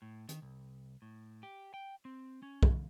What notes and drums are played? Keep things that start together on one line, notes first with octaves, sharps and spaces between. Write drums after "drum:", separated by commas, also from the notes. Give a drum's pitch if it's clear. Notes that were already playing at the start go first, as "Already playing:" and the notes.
A2
D#3, drum: hi-hat
C2
A2
G4
G5
C4
C#4
drum: kick